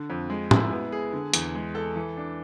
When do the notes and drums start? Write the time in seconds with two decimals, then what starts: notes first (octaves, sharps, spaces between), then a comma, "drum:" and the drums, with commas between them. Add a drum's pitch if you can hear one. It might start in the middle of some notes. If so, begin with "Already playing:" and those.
Already playing: D3
0.10 F2
0.30 G#3
0.51 E4, drum: tom A2
0.71 B3
0.92 G#4
1.13 D3
1.34 E2, drum: hi-hat
1.55 G#3
1.75 A4
1.96 E3
2.17 D4